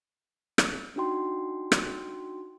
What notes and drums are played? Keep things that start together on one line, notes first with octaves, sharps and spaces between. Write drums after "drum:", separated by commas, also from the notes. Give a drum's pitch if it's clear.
drum: rim click
D4 D#4 F#4 G5 C6
drum: rim click